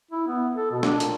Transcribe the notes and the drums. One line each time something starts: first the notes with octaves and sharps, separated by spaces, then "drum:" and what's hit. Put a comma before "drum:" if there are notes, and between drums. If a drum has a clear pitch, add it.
E4
B3
A4
B2
D4, drum: snare
A#2, drum: hi-hat